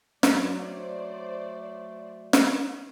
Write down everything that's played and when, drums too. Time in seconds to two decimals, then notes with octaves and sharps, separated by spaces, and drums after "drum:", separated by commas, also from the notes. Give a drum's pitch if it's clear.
0.23 F#3 A3 C#4 D4 C5 D5, drum: snare
2.33 drum: snare